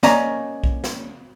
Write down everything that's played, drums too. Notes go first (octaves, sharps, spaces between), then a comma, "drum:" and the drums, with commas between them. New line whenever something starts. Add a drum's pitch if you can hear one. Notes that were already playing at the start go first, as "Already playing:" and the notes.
A#3 C#4 D5 D#5 F5 A#5, drum: snare
drum: kick B1
drum: snare